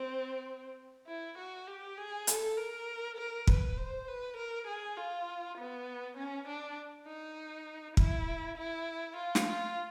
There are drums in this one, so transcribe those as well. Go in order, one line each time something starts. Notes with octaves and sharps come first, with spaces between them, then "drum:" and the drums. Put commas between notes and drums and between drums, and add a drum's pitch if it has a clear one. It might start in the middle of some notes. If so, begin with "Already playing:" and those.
Already playing: C4
E4
F#4
G4
G#4
A4, drum: hi-hat
A#4
A#4
B4, drum: kick
C5
B4
A#4
G#4
F4
B3
C#4
D4
D#4
E4, drum: kick
E4
F4
drum: snare
F4